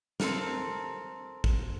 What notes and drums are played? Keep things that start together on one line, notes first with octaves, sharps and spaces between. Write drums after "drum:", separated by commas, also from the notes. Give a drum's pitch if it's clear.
C4 A4 A#4, drum: snare
drum: kick